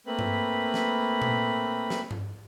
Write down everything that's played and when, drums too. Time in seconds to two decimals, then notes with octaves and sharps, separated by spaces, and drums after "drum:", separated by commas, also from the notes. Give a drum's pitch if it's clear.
0.06 A3 A#3 C4 B4 B5
0.19 drum: tom G2
0.74 drum: snare
1.22 drum: tom A#2
1.90 drum: snare
2.11 drum: tom G2